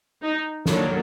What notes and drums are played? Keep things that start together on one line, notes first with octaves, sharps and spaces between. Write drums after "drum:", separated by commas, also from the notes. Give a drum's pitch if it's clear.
D#4
D#3 F#3 A#3 D4 A4, drum: snare